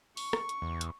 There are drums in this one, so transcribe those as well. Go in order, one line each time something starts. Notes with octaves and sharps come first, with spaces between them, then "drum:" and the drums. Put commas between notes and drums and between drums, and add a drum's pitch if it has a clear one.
C#6, drum: open hi-hat
drum: rim click
drum: hi-hat
E2
drum: hi-hat